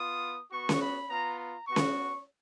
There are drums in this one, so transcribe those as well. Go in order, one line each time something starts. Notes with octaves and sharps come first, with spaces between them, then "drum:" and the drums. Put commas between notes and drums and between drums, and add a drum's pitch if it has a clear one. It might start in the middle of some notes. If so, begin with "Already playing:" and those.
Already playing: B3 F4 D#6
B3 F#4 C#6
drum: snare C#4
B5
B3 F4 A#5
A#5
B3 F#4 C#6
drum: snare C#4